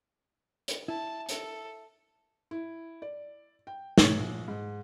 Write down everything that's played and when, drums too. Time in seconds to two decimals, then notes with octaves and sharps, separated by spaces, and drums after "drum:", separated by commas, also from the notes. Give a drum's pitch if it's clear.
0.68 drum: hi-hat
0.88 E4 A5
1.29 A4, drum: hi-hat
2.51 E4
3.02 D5
3.67 G5
3.98 C#5, drum: snare
4.18 A#1
4.48 G#2